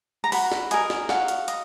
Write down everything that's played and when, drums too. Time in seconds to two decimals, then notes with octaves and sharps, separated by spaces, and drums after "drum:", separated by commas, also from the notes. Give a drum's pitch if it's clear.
0.24 A#5
0.32 F#4 B5, drum: open hi-hat
0.52 drum: snare
0.71 A#4 D#5 G#5, drum: hi-hat
0.90 drum: snare
1.09 F#4 F5, drum: snare
1.28 drum: hi-hat
1.48 D#5, drum: hi-hat